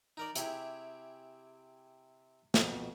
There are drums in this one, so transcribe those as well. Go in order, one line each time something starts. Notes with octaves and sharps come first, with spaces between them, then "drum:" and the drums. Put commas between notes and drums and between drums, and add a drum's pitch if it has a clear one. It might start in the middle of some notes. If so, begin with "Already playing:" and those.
D#4 A#4 D5
C3 E4 G4 G#4, drum: hi-hat
F2 B2, drum: snare